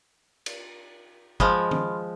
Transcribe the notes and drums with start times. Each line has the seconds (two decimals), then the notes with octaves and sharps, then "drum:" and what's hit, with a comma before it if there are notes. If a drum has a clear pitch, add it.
0.46 drum: cymbal
1.40 F3 G#3 B5 C6 F6, drum: kick
1.71 drum: tom